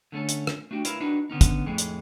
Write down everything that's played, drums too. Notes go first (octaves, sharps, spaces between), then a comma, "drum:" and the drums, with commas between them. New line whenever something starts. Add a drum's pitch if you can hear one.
D3 A3 C#4 A4
drum: hi-hat
drum: rim click
A3 D4 F#4 G4
E4 F4 A#4 B4 E5 F5, drum: hi-hat
D4 D#4 F#4 B4
D3 B3 C#4 D#4
drum: kick, hi-hat
F2 A2 G#3 A3 D#4
drum: hi-hat